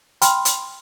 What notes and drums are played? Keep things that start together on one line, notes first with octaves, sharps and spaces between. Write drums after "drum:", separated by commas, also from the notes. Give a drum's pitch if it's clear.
G5 B5 C6 F6, drum: hi-hat
drum: hi-hat